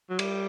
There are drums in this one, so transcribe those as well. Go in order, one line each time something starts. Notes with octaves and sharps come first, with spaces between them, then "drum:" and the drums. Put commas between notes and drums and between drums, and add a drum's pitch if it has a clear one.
F#3
G3, drum: cymbal